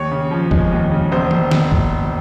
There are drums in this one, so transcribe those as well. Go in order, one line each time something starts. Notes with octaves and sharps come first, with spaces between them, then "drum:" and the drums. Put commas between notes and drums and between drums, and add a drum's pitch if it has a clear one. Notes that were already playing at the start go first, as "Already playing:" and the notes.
Already playing: D#2 C#5
C#3
F3
G#3, drum: kick
D#2
C#3
E1 C5
D#2, drum: tom
drum: snare
drum: kick